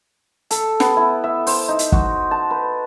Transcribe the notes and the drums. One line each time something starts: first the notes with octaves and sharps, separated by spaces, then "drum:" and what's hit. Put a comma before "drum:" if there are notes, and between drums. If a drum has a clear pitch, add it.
A4, drum: hi-hat
B3, drum: snare
E4
E5
C5, drum: open hi-hat
D#4
drum: hi-hat
F#4, drum: kick
A5
B4